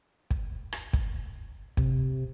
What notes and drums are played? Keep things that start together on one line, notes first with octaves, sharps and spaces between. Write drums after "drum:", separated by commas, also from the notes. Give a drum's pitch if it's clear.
drum: kick
drum: rim click
drum: kick
C3, drum: kick